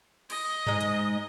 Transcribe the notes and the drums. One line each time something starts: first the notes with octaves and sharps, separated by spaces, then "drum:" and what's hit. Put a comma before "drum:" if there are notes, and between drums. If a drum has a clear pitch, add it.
D#5, drum: cymbal
G#2 G#3, drum: tom G2
drum: hi-hat